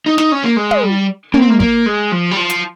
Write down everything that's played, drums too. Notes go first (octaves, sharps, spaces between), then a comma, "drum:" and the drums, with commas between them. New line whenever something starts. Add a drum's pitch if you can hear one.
D#4
D#4, drum: snare
C#4
A#3
G#3
drum: tom
G3
A#3, drum: tom
C4
A#3
A#3, drum: kick
G#3
F3
G3
F3
drum: hi-hat